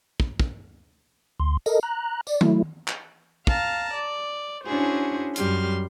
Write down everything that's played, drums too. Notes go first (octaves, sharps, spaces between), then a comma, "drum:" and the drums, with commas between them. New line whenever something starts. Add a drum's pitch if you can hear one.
drum: kick
drum: kick
D2 C6
A4 A#4 D#5, drum: tambourine
A#5 F#6
D5, drum: tambourine
F#3 A3 E4, drum: tom
drum: clap
F5 A5 A#5, drum: kick
D5
C#4 D4 E4 F#4 G#4 C5
F#2 G3 C6 F6, drum: hi-hat